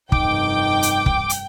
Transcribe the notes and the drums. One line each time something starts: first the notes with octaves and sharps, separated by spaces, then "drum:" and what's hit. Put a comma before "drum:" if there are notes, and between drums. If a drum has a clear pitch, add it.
F1 G2 D#4 G5 D6, drum: kick
drum: hi-hat
drum: kick
drum: hi-hat